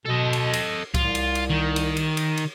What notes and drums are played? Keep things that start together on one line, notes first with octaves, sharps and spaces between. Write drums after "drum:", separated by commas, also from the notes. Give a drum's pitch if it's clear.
B2 A4 D#5
drum: cymbal
drum: cymbal
C2 F4, drum: kick C#2, cymbal
drum: cymbal
drum: cymbal
D#3
drum: cymbal
drum: cymbal
drum: cymbal
drum: cymbal